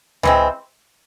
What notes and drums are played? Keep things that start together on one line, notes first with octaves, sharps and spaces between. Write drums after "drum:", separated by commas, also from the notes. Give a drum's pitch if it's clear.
E3 G#3 C4, drum: tom C#2